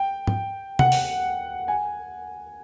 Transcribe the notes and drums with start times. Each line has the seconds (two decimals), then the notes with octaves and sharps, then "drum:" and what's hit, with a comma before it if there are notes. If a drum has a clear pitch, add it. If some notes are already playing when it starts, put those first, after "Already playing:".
Already playing: G5
0.27 drum: tom G#2
0.79 F#5, drum: tom C3
0.92 drum: open hi-hat
1.68 G#5